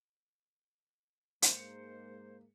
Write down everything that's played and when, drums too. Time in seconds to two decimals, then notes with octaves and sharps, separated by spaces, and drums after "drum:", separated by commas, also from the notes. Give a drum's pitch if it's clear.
1.42 G#2 G#3 A#3 C5 C#7, drum: hi-hat